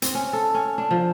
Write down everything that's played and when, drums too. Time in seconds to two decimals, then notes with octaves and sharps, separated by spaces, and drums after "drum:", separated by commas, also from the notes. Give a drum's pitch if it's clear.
0.02 C4, drum: hi-hat
0.15 C#4
0.33 A4
0.54 C#4
0.78 D4
0.91 F3